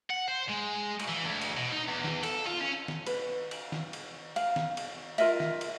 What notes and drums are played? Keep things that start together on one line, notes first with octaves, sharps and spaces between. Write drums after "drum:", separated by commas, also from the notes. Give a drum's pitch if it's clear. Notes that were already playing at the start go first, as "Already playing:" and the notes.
F#5
C5
G#3
drum: cymbal
E3
D2
drum: cymbal
B2
D#4
E2
drum: snare
A4, drum: cymbal
F4
C#4
drum: snare
B4, drum: cymbal
drum: cymbal
drum: snare
drum: cymbal
F5, drum: cymbal
drum: snare
drum: cymbal
F4 A#4 D#5 E5, drum: cymbal
drum: snare
drum: cymbal